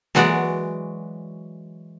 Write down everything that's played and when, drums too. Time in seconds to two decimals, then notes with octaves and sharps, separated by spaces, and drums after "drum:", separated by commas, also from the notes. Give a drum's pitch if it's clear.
0.15 E3 F#3 G#3 F#4 D5, drum: snare A#3